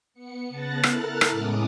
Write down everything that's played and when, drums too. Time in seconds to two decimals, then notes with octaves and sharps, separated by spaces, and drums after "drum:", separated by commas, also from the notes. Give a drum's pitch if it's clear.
0.14 B3 C#7
0.49 C#3 B3 A5 F#6 A6 A#6
0.83 E4 A4 A#4 F6 F#6 A6, drum: rim click
1.21 drum: rim click
1.30 A2 G#3 B3 C#4 D6 D#6